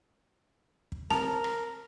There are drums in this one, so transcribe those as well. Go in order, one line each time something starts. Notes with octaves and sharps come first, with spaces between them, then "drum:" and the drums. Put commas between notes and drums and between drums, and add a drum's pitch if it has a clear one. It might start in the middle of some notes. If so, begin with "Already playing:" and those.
drum: kick
A#4 A5, drum: snare C4
drum: rim click